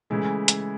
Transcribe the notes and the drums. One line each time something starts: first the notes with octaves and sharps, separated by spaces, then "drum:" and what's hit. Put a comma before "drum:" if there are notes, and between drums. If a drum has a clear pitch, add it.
C#3 E3 G#3 A3 E4 G#4
drum: hi-hat